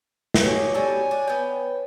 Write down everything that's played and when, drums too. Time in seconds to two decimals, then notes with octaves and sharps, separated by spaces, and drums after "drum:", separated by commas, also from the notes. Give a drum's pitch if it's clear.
0.34 drum: snare
0.44 B2 G4 G#4 C#5
0.74 B2 G3 A4 G#5
1.11 D4
1.27 B3 G5